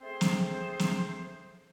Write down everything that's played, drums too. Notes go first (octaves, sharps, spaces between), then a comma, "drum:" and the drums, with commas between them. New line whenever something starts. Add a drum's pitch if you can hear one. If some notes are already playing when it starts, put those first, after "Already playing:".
A3 C4 G#4 C5
drum: snare
drum: snare